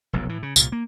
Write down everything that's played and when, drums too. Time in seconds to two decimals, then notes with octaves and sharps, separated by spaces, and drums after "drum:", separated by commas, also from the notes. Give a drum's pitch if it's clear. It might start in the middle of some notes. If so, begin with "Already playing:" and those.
0.13 F1 B1 F2
0.29 A2 E3
0.43 C#3
0.56 C2 A#2, drum: tambourine
0.72 A#3